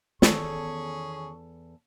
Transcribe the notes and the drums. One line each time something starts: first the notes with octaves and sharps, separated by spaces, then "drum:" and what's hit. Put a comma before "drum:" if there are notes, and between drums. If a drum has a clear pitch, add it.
E2 D#3 B3 C#4 G#4 A4 C#6, drum: snare